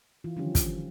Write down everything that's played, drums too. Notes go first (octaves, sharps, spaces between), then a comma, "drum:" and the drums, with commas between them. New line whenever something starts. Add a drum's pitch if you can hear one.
E3 F4
D3 D#3 F3 G3 C#4 G4
drum: kick, hi-hat